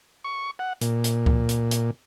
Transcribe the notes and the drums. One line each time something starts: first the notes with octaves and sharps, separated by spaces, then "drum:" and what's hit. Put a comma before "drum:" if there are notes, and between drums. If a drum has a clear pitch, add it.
C#6
F#5
A#2, drum: hi-hat
drum: hi-hat
drum: kick C#2
drum: hi-hat
drum: hi-hat